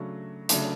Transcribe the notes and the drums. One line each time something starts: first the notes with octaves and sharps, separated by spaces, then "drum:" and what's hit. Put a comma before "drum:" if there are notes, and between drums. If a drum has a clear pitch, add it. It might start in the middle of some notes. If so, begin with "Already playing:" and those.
Already playing: C#3 F#3 A3 D4 C#6
C#3 F#3 A3 D4, drum: hi-hat